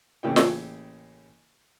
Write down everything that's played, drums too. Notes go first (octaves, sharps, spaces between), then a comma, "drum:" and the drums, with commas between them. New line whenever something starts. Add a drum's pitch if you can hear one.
A1 C#3 A#3 C#4 E4 G5
drum: snare